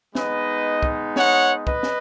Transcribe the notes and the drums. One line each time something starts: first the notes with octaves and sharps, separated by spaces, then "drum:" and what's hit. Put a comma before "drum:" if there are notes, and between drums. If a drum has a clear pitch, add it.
G#3 B3 D#4 B4 D#5, drum: snare
drum: kick
C#5 F#5, drum: snare
B4 D#5, drum: kick
drum: snare